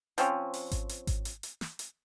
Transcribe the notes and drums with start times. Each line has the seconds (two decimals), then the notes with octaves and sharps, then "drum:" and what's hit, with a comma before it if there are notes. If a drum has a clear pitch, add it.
0.18 F3 C4 C#4, drum: hi-hat
0.54 drum: open hi-hat
0.71 drum: kick G#1, hi-hat
0.89 drum: hi-hat
1.07 drum: kick G#1, hi-hat
1.25 drum: hi-hat
1.43 drum: hi-hat
1.61 drum: snare
1.79 drum: hi-hat